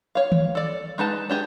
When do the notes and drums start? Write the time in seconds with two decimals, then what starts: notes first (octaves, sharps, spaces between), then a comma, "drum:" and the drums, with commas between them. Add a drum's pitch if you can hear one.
0.15 C#5 F5
0.32 drum: tom D#3
0.55 A4 D5
0.98 G#3 D#4 B4 A5
1.30 D4 G4 G#4